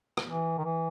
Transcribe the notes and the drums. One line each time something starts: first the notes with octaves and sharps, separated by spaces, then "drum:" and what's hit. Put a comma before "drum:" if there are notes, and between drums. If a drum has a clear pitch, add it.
drum: rim click
E3
D#3
E3